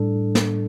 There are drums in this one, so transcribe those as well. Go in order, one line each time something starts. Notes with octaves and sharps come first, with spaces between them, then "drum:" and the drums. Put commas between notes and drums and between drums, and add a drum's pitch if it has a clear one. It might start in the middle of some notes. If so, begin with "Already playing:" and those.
Already playing: A2 G3 D4 A4
drum: snare